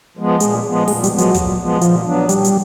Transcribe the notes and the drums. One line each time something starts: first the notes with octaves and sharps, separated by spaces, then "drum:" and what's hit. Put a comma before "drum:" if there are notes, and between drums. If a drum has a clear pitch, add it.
F3 G#3 B3
A#2 G#3, drum: hi-hat
F3 G#3 B3
A#2 G#3, drum: open hi-hat
G3, drum: hi-hat
F3 G#3 B3
F#3, drum: hi-hat
A#2, drum: kick, hi-hat
F3 G#3 B3
A#2 F3, drum: hi-hat
F#3 B3 D4
A#2 G3, drum: hi-hat
drum: hi-hat